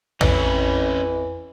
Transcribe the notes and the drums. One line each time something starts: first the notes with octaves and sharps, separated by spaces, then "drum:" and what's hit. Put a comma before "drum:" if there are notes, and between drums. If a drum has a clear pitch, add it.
F2 E3 C#4 E4, drum: tom A#1